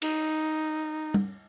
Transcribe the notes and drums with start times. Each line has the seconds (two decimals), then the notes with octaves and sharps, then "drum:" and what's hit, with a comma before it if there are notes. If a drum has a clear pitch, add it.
0.02 D#4, drum: cymbal
1.14 drum: tom G3